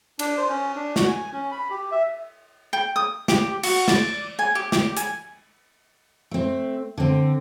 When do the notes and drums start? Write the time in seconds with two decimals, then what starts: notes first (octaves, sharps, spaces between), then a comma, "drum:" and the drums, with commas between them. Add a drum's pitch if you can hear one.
0.19 D4, drum: cymbal
0.38 C5
0.49 C#4
0.76 D4
0.96 F#4, drum: snare
1.08 G#5
1.32 C#4
1.52 B5
1.70 G4
1.92 E5
2.73 G5
2.96 D#6
3.28 G4, drum: snare
3.63 F#4, drum: cymbal
3.88 D5, drum: snare
4.39 G#5
4.55 G4
4.72 G4, drum: snare
4.97 G#5, drum: hi-hat
6.31 A3 C4
6.97 D3 C4